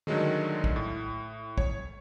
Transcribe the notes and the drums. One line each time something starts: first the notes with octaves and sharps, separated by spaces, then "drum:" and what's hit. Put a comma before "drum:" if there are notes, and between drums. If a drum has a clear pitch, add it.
D3 D#3 F#3 G#3 A3, drum: tom
drum: kick
A2
C#5, drum: kick